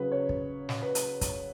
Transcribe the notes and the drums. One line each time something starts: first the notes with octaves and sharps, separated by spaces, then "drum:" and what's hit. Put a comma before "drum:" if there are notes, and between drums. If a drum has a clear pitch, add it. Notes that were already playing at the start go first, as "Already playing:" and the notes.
Already playing: C#3 F#3 B4
C#5
drum: kick
drum: snare
B4
drum: hi-hat
drum: kick, hi-hat